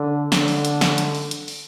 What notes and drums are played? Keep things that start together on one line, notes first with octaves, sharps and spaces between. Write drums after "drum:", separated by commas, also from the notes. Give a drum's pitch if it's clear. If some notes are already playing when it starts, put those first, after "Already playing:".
Already playing: D3
D3, drum: snare
drum: open hi-hat
drum: hi-hat
drum: snare
drum: hi-hat
drum: open hi-hat
drum: hi-hat
drum: open hi-hat